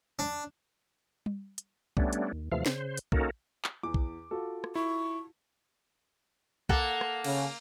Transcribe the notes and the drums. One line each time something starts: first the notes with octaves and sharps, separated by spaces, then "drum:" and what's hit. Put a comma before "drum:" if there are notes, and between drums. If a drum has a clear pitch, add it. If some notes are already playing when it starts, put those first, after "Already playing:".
D4
drum: tom G3
drum: hi-hat
G3 A3 B3 C#4 D4, drum: kick
drum: hi-hat
D#2
D#2 C3 E3 F3 A3 F5
C#3 C5, drum: snare
drum: hi-hat
A#3 C#4 D#4 F#4 A4 A#4, drum: kick
drum: clap
E2 D6
drum: kick
F4 F#4 A4
drum: rim click
E4 C#6
A#3 A4 F#5, drum: kick
drum: rim click
C#3, drum: cymbal